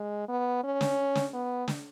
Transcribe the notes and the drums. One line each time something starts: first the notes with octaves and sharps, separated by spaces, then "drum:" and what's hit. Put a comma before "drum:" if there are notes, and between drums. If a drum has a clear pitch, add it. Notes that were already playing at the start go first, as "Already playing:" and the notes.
Already playing: G#3
B3
C#4
drum: snare
drum: snare
B3
drum: snare